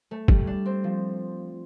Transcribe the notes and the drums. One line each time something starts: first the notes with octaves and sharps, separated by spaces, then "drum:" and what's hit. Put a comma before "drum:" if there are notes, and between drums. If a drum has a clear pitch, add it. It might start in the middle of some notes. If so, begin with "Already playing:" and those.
A3
G3, drum: kick
D4
C4
F3